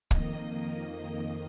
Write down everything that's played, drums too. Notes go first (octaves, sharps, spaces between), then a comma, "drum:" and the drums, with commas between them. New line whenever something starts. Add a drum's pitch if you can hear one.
F2 D#3 A#3 D#5, drum: kick